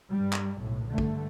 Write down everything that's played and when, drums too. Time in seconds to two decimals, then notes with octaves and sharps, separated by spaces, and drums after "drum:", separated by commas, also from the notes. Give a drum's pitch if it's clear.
0.11 G2 G3
0.33 drum: clap
0.58 B1 A2
0.89 G2 D3 A3
0.98 drum: kick